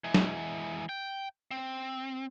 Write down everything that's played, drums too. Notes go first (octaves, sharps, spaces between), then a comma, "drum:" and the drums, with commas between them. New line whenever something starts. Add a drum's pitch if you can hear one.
E3 G#3
drum: snare
G5
C4